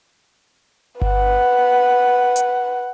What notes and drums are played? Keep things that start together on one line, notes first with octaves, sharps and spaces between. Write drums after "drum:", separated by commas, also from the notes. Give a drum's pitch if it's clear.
B4 F#5, drum: kick G1
drum: hi-hat